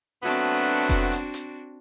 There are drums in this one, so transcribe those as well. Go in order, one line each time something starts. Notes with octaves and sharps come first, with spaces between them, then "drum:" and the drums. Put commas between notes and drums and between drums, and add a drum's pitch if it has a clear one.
F#3 A3 B3 C4 D4 F#4
drum: kick F1, hi-hat
drum: hi-hat
drum: hi-hat